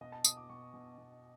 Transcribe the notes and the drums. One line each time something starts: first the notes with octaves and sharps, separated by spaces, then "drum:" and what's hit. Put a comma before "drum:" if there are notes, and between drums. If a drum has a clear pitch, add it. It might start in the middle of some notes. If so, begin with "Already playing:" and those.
B2 D#5
A5
B2 D#6, drum: tambourine
D6
B2 C#6
B2
B2